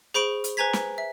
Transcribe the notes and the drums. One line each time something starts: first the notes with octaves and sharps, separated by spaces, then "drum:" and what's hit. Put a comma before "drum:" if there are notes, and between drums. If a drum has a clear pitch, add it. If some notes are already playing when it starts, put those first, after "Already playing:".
G#4 C5 B5 C#6 D7 F#7
drum: hi-hat
B4 C5 G#5 A#5 G#6 B6
drum: snare
E5